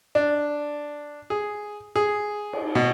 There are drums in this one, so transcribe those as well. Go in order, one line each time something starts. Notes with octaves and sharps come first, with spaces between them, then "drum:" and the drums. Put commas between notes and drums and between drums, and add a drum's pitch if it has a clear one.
D4
G#4
G#4
drum: cymbal
B2